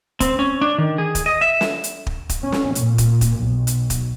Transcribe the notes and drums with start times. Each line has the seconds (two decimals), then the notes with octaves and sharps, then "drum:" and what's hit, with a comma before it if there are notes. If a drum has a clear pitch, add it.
0.20 C4, drum: kick, hi-hat
0.39 C#4
0.61 D4
0.78 D#3
0.98 G#4
1.15 drum: kick, hi-hat
1.26 D#5
1.41 E5
1.61 drum: snare
1.84 drum: hi-hat
2.07 drum: kick
2.29 drum: kick, hi-hat
2.43 C#4
2.52 drum: snare
2.75 A#2, drum: hi-hat
2.98 drum: kick, hi-hat
3.21 drum: kick, hi-hat
3.39 B1
3.67 drum: hi-hat
3.90 drum: kick, hi-hat